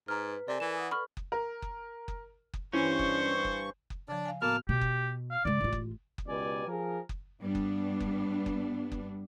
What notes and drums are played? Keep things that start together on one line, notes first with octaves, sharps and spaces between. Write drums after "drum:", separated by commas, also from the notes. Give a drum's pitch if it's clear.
G#2 B4 A#5 F6
C3 A4 A#4 D5 G#5
E3 E7
F#5 D#6
A4 B4 B5 C#6 F6
drum: kick F#1
A#4
drum: kick F#1
drum: kick F#1
drum: kick F#1
G2 E3 C#4 C5 C#6
drum: kick F#1
drum: kick F#1
drum: kick F#1
C#3 F3 D4 D5
F5 G#5
A2 A#3 B3 F#4 A#4 A5 F6
B2 G4
drum: kick F#1
F5
C#3 G#3 D5
A1 F4
drum: kick F#1
drum: kick F#1
C#2 B2 G4 B4 D5 G#5
F3 G#4 A#4
drum: kick F#1
G2 G3 B3 D4
drum: kick F#1
drum: kick F#1
drum: kick F#1
drum: kick F#1